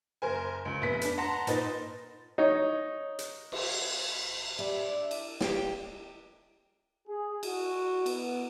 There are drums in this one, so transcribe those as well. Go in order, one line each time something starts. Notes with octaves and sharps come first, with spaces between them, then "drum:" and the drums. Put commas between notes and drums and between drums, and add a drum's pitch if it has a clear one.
F#1 A#4 C5 G#5
C#2
F1 A#1 B3 B6
D4 B4, drum: hi-hat
F#5 A5 A#5 C6 A#6
A#2 D#4 B4 C5 D#5 A6, drum: hi-hat
D#4 C#5
drum: hi-hat
drum: cymbal
G3 D5 E5
D4
drum: cymbal
C#2 G4 G5, drum: snare
G#4
F#4, drum: cymbal
B3, drum: cymbal